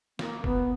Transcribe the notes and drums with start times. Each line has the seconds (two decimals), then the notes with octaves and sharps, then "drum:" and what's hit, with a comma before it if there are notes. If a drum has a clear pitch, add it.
0.19 A#3, drum: snare
0.44 B3, drum: kick